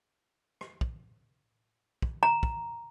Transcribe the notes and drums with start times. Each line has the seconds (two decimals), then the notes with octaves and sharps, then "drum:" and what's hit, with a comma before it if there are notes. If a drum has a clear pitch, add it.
0.61 drum: rim click
0.81 drum: kick
2.02 drum: kick
2.23 A#5
2.43 drum: kick